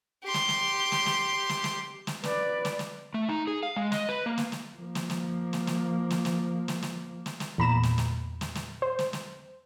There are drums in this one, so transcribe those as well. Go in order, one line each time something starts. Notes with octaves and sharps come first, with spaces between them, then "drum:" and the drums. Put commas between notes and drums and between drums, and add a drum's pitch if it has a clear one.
G4 C6
drum: snare
drum: snare
drum: snare
drum: snare
drum: snare
drum: snare
drum: snare
B4 D5, drum: snare
drum: snare
drum: snare
A3
D#4
G#4
F5
G#3
D#5, drum: snare
B4
A#3
drum: snare
drum: snare
F3 A#3
drum: snare
drum: snare
drum: snare
drum: snare
drum: snare
drum: snare
drum: snare
drum: snare
drum: snare
drum: snare
E2 A#2 A#5 B5 E7
drum: snare
drum: snare
drum: snare
drum: snare
C5
drum: snare
drum: snare